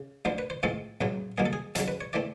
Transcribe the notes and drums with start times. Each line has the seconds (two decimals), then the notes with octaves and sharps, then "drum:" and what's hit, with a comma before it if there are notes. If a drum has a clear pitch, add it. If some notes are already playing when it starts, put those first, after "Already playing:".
Already playing: C#3
0.25 D2 D3 F3 C5
0.38 B4
0.50 C5
0.63 A2 F3 G#3 C4 A4
1.01 C#2 C#3 F#3, drum: tom A2
1.38 C2 B2 F#3 A#3 G#4
1.46 A4
1.53 G#4
1.75 F2 C#3 F#3 A4, drum: hi-hat
1.88 B4
2.01 C#5
2.13 E3 A3 C4 D5